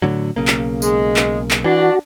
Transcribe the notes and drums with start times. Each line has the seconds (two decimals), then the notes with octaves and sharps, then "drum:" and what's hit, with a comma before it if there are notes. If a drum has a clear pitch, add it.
0.02 A2 D3 F#3
0.36 B1 C#3 A#3
0.48 drum: clap
0.82 G#3, drum: tambourine
1.16 drum: clap
1.51 drum: clap
1.64 E3 D4 F#4